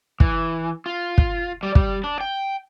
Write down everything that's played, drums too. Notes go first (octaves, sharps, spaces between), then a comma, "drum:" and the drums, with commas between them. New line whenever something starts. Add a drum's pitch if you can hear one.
E3, drum: kick
F4
drum: kick
G3
G3, drum: kick
D4
G5